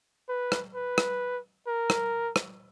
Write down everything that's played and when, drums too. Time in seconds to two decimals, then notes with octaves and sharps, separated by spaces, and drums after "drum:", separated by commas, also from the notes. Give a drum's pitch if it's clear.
0.29 B4
0.52 drum: rim click
0.75 B4
0.98 drum: rim click
1.67 A#4
1.90 drum: rim click
2.36 drum: rim click